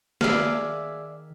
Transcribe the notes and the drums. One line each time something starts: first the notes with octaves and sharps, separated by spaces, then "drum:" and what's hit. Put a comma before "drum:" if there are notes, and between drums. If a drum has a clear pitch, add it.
D#3 G#4 D5 E5 F5, drum: snare